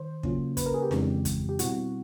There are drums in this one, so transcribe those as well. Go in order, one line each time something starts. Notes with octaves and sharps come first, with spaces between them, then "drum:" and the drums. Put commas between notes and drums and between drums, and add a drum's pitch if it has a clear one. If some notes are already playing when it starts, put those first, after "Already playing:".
Already playing: D#3 C5
C#3 F#3 A#3 C#4 F4, drum: kick
B4, drum: kick, hi-hat
A#4
G#4
G4
F2 C#3 E3 G#3 C4, drum: snare D4
drum: kick, hi-hat
G4
B2 G3 C4 E4 F#4, drum: hi-hat